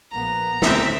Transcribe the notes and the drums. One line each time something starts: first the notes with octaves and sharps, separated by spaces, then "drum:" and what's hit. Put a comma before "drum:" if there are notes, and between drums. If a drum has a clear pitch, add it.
A#1 A#3 B3 A#5
D3 A3 C4 C#4 E5, drum: snare